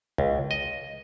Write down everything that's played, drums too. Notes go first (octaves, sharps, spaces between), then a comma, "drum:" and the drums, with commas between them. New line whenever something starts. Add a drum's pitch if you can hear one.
C#2, drum: kick C#2
D#5